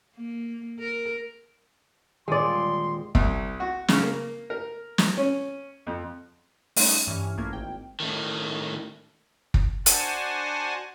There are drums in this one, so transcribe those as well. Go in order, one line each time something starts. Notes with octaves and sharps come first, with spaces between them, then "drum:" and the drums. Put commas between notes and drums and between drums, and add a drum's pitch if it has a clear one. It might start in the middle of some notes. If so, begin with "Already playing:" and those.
A#3
A#4
D#1 G#3 D5 C6
C2, drum: kick
F#4
C#3, drum: snare
A#3
A#4
drum: snare
C#4
F2
G3 A3 C#4 D#4, drum: open hi-hat
G2 E3 C#4 F6
A#1 A3 A#3 E4 F6 G#6
G#1 G5
A2 D#3
drum: kick
D4 F#4 C5 F#5 G#5 A5, drum: hi-hat